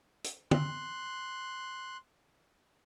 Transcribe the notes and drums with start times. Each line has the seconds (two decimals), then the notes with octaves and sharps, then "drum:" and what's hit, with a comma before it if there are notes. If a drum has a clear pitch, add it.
0.24 drum: hi-hat
0.51 C6 F#6, drum: tom